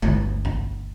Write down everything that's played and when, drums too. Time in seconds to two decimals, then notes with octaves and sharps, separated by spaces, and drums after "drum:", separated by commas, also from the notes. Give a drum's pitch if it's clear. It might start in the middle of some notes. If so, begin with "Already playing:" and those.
0.02 G1 D2, drum: tom G#3
0.45 drum: kick